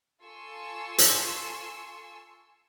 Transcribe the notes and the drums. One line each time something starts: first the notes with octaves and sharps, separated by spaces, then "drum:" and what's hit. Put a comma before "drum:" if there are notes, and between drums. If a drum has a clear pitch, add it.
F4 A4 G#5 C6 C#6 E6
drum: hi-hat